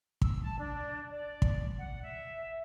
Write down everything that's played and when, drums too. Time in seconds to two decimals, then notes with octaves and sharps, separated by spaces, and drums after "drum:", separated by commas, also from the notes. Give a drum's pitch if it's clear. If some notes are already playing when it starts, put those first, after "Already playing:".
0.22 E6, drum: kick
0.41 A5
0.57 D4
1.10 D5
1.42 drum: kick
1.77 F#5
2.01 E5